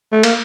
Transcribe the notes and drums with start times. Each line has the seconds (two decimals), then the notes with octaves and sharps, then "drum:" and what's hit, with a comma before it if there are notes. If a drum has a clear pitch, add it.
0.12 A3
0.23 A#3, drum: cymbal